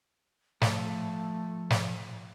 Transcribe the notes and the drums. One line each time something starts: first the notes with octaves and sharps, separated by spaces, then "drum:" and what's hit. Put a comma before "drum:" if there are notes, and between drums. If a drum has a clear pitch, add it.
F3 A3 A4, drum: snare
drum: snare